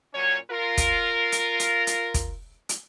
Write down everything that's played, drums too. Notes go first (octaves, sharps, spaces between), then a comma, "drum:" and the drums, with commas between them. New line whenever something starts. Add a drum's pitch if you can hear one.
A#2 F#3 C#4 C#5
F4 A#4
drum: kick, hi-hat
drum: hi-hat
drum: hi-hat
drum: hi-hat
drum: kick, hi-hat
drum: hi-hat